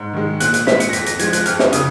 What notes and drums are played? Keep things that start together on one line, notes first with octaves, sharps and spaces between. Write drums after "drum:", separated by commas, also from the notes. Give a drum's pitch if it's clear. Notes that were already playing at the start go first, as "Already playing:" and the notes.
Already playing: G#2
D#3 G#3
A#2 F#6, drum: hi-hat
drum: hi-hat
G#3 B6, drum: snare
C#7, drum: hi-hat
A#6
F2 B6, drum: hi-hat
A#6, drum: hi-hat
F3 G#3 G#6, drum: hi-hat
F#6, drum: hi-hat
F2 F6, drum: hi-hat
drum: snare
C#3 D#6, drum: hi-hat